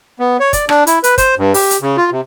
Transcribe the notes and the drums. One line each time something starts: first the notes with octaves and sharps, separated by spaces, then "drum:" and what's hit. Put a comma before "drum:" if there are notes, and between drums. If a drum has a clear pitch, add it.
B3
C#5
D5, drum: kick, hi-hat
D4, drum: rim click
E4, drum: hi-hat
B4, drum: hi-hat
C5, drum: kick, hi-hat
G2
G4, drum: open hi-hat
drum: hi-hat
C#3
F4
C3